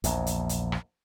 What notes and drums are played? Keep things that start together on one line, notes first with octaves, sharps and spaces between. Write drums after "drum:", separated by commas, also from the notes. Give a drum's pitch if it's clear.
A#1 E2, drum: hi-hat
drum: hi-hat
drum: hi-hat
drum: rim click